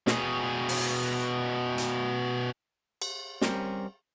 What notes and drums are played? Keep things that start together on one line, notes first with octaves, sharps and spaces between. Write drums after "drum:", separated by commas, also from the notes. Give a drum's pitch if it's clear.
B2 G#4, drum: snare
drum: open hi-hat
drum: hi-hat
drum: cymbal
G3 C4 C#4 A#4, drum: snare